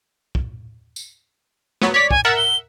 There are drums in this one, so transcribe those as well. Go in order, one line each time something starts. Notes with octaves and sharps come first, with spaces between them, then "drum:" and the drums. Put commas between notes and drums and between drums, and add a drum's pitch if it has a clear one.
drum: kick
drum: tambourine
F#3 B3, drum: snare
C#5 D5 B6
G#5, drum: kick
A#4 E5 F#5 A6
G7